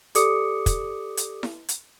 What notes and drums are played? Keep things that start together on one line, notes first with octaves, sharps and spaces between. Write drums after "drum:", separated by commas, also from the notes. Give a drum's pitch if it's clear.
G4 A4 D5 D6 D#6 C#7, drum: hi-hat
drum: kick, hi-hat
drum: hi-hat
drum: snare E4
drum: hi-hat